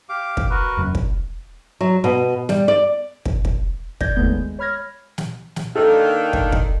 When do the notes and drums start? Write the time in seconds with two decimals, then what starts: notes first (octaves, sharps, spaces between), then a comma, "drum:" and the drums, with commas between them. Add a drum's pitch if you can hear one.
0.09 G4 F5 D6
0.37 drum: kick
0.50 F#4 A#4 B4
0.77 E1 F#2
0.95 drum: kick
1.81 F#3
2.04 B2
2.49 G3, drum: snare
2.68 D5
3.25 drum: kick
3.45 drum: kick
4.01 D5 G6 G#6 A#6, drum: kick
4.16 G1 D#2 A3 B3 G6
4.32 G#3
4.59 C#5 B5 F6 G#6 A#6
5.18 drum: snare
5.56 drum: snare
5.75 D#3 A#3 D4 A4
6.33 drum: kick
6.52 drum: kick